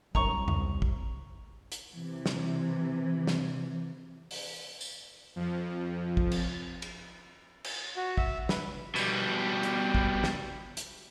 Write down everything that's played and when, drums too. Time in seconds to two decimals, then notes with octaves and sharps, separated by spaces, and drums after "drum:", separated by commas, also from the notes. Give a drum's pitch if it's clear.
0.15 G1 C2 F#2 A#5 C#6, drum: kick
0.48 drum: tom E2
0.82 drum: kick
1.72 drum: hi-hat
1.94 C3 E3
2.26 drum: snare
3.27 drum: snare
4.31 drum: open hi-hat
4.81 drum: tambourine
5.36 F2 F3
6.17 drum: kick
6.31 drum: cymbal
6.82 drum: cymbal
7.64 drum: cymbal
7.96 F#4
8.17 E5, drum: kick
8.49 B4, drum: snare
8.96 B2 G3, drum: tambourine
9.63 drum: hi-hat
9.95 drum: kick
10.24 drum: snare
10.77 drum: hi-hat